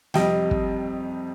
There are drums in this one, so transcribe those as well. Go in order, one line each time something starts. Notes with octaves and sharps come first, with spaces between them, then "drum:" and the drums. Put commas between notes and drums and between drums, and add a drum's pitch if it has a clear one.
F2 C3 G3 D#5 G5, drum: snare
drum: kick